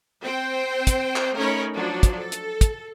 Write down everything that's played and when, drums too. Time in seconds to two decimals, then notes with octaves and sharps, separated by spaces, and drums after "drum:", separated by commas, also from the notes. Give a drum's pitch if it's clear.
0.22 C4 C5 G5
0.87 drum: kick, hi-hat
1.16 drum: clap
1.36 A3 C#4 D#4 A#4 C#5 B5
1.74 F3 F#3 D4
2.03 drum: kick, hi-hat
2.19 A4
2.32 drum: hi-hat
2.61 drum: kick, hi-hat